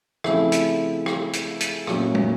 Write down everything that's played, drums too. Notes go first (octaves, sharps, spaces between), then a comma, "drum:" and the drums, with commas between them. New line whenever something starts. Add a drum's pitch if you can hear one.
C#3 F3 A3 C4 E4, drum: rim click
drum: hi-hat
drum: rim click
drum: hi-hat
drum: hi-hat
A#2 F#3 A#3 C#4, drum: rim click
drum: tom